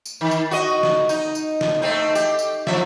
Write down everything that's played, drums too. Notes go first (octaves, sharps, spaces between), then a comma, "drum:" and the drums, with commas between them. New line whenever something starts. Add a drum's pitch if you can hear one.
drum: tambourine
D#3
drum: tambourine
F#4 D#5
drum: snare
D#4, drum: tambourine
drum: tambourine
drum: snare
A3 C4 D#4
G4, drum: tambourine
drum: tambourine
F3 E5, drum: snare